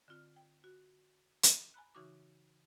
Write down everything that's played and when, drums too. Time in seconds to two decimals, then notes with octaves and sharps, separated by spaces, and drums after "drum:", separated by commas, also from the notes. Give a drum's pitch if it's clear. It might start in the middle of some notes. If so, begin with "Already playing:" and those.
0.08 D3 C4 F4 F6
0.36 G5
0.64 F#4
1.43 drum: hi-hat
1.74 G#5 A#5 B5 F#6
1.95 C#3 E3 D#4 F#4 C#6 D6